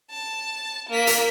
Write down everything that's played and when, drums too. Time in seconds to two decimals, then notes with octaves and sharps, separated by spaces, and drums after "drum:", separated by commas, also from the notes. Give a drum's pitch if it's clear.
0.10 A5
0.89 A#3 B6
1.07 drum: hi-hat